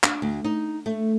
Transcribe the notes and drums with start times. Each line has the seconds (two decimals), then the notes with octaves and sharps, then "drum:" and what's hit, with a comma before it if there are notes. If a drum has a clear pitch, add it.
0.03 D4, drum: clap
0.22 D2
0.45 D#4
0.86 A3